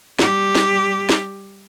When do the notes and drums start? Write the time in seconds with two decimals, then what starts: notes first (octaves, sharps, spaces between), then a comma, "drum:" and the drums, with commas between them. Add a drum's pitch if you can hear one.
0.19 G3 G4, drum: snare
0.55 drum: snare
1.09 drum: snare